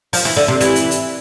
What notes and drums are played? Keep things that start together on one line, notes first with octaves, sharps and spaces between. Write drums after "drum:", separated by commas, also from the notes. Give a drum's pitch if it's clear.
F3, drum: open hi-hat
E3
D3
C3
E3, drum: hi-hat
drum: hi-hat
drum: hi-hat